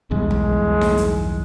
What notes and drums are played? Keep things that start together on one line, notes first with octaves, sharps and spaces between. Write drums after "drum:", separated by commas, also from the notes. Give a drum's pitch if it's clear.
B1 E2 G2 G#3
drum: tom C2
drum: snare D#4
drum: hi-hat